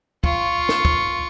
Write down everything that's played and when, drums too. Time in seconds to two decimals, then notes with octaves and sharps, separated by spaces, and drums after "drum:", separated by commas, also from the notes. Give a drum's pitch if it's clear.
0.24 F4 C#6, drum: kick
0.69 drum: snare
0.85 drum: kick